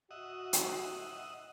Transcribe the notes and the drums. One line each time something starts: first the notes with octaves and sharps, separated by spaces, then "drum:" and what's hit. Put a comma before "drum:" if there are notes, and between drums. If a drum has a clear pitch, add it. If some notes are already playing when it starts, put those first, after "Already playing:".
F#4 D#5 E5 F#5
drum: hi-hat